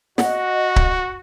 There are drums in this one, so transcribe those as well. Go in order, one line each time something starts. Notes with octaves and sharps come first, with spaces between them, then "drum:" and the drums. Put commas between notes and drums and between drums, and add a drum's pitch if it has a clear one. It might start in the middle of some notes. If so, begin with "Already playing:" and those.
F#4 D#5 F#5, drum: snare
drum: kick C#1